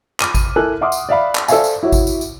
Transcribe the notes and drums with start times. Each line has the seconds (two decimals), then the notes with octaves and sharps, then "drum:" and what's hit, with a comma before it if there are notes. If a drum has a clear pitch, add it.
0.20 B5 D6 F6 D#7, drum: clap
0.35 drum: kick G#1, tambourine
0.56 E4 A4 A#4 G#5 F#6
0.81 E5 F#5 C6 D6 D#6 F6
0.92 drum: tambourine
1.09 D5 E5 F5 B5
1.35 drum: clap
1.48 A4 C5 D5 E5 F5 G#5, drum: tambourine
1.64 drum: tambourine
1.83 E4 F#4 C#5 E5
1.92 drum: kick G#1, tambourine
2.07 drum: tambourine
2.21 drum: tambourine